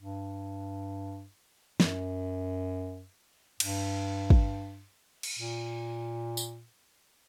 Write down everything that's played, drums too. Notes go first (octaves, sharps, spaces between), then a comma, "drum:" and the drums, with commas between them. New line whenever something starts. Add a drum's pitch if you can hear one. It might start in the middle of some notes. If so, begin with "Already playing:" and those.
G2
F#2, drum: snare
G2, drum: cymbal
drum: kick
drum: cymbal
A#2
drum: tambourine